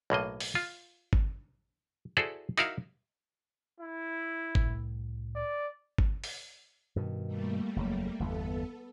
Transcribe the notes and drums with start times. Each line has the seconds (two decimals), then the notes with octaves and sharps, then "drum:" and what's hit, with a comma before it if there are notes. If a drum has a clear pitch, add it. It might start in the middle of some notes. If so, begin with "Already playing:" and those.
0.10 B1 A2 A#3 D#5
0.40 drum: open hi-hat
0.55 F4
1.13 drum: kick
2.17 E4 F#4 G#4 A4 C5 D5
2.58 D#4 E4 F#4 A#4 E5 F5, drum: hi-hat
3.80 E4
4.55 C2 A2, drum: kick
5.36 D5
5.98 drum: kick
6.24 drum: open hi-hat
6.96 G2 B2 D#3
7.27 G3 A3 A#3
7.76 F#1 E2 F#3
8.20 G1 E2 B3 A4